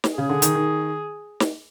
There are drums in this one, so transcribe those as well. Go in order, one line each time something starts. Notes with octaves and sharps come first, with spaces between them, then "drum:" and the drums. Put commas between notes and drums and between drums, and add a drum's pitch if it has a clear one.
drum: snare
C#3 G#4
D3
D#3, drum: hi-hat
D#3
drum: snare